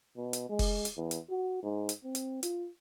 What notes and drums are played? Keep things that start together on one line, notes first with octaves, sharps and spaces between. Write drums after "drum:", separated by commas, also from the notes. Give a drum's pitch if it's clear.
B2
drum: hi-hat
G#3
drum: kick F1, open hi-hat
drum: hi-hat
E2
drum: hi-hat
F#4
G#2
drum: hi-hat
C4
drum: hi-hat
F4, drum: hi-hat